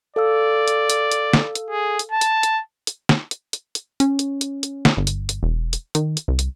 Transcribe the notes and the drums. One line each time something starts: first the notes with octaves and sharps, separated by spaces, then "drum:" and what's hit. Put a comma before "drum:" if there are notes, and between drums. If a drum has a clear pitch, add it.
A4 D5 F5 E6
drum: hi-hat
drum: hi-hat
drum: hi-hat
drum: snare
drum: hi-hat
G#4
drum: hi-hat
A5
drum: hi-hat
drum: hi-hat
drum: hi-hat
drum: snare
drum: hi-hat
drum: hi-hat
drum: hi-hat
C#4, drum: hi-hat
drum: hi-hat
drum: hi-hat
drum: hi-hat
drum: snare
G1
drum: hi-hat
drum: hi-hat
E1
drum: hi-hat
D#3, drum: hi-hat
drum: hi-hat
C2
drum: hi-hat